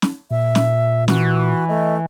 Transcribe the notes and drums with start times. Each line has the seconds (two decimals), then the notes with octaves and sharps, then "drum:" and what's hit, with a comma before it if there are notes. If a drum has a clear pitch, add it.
0.02 drum: snare
0.31 A#2 E5
0.55 drum: snare
1.08 E3 F#4, drum: snare
1.69 A3 D#5